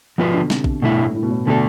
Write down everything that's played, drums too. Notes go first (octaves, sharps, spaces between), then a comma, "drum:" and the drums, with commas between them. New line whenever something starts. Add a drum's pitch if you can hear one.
B2 F3 B3 F4 B4
D3
C3, drum: snare
drum: kick A#1
G2 B2 A3 E4
A2
A2
B2
A2
B2 D3 A3 E4 A4